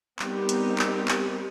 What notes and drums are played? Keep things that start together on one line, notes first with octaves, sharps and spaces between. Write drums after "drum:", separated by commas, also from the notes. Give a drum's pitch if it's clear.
G3 B3 C4 D#4 G4 A#4, drum: clap
drum: hi-hat
drum: clap
drum: clap